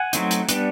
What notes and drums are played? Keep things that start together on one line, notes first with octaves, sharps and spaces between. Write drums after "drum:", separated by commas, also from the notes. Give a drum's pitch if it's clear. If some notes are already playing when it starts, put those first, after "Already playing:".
Already playing: F#5 G#5
F#3 A3 C4 D#4, drum: hi-hat
drum: hi-hat
G3 B3 D4, drum: hi-hat